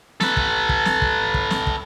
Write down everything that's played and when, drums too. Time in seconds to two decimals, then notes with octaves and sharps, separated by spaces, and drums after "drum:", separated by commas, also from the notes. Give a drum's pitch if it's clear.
0.20 A4 B4, drum: snare
0.37 drum: kick
0.69 drum: kick
0.85 drum: snare
1.02 drum: kick
1.34 drum: kick
1.50 drum: snare
1.67 drum: kick